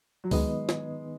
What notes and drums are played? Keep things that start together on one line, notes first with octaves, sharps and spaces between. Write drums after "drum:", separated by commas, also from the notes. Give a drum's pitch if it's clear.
F#3
D#3 G#3 B3 D#4 B4 D#5, drum: kick C#2, open hi-hat
drum: snare